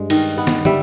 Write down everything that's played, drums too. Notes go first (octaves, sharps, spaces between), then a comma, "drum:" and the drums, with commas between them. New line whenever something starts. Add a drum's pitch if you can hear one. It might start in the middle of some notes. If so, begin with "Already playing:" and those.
Already playing: G2 G#3
D#3 D#5, drum: cymbal
B3
drum: snare
G3 E5, drum: tom